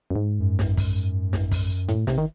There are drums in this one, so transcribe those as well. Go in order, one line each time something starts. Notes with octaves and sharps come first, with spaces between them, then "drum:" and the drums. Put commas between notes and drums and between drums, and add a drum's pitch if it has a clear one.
F#2
G#2
F#2
drum: snare
drum: kick, open hi-hat
drum: snare
drum: kick, open hi-hat
A2, drum: hi-hat
C3, drum: snare
D#3